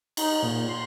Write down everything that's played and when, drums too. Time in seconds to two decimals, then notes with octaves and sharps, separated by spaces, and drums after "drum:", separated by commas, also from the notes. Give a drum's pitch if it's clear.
0.17 D#4, drum: cymbal
0.43 A#2
0.69 C6